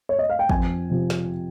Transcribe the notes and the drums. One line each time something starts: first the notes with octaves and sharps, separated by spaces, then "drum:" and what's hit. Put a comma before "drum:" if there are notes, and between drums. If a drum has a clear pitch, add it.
C#5
D#5
F5
G5
F2 G#5, drum: kick
C3 F3
drum: snare